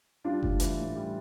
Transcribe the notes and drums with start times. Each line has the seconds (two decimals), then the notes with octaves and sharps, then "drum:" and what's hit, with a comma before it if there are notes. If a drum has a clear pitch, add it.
0.24 G3 D4 F4
0.43 A2, drum: kick F#1
0.60 E3, drum: hi-hat
0.78 A2
0.96 G3